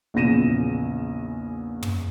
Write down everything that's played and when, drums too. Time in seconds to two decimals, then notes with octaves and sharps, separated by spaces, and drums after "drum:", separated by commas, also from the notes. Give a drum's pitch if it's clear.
0.14 A#1 E2 C#3 A#6 D#7 E7
1.83 drum: tom